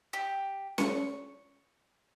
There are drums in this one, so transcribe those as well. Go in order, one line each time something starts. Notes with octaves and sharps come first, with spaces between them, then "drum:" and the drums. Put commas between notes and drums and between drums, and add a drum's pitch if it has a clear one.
G4
C#6, drum: snare C#4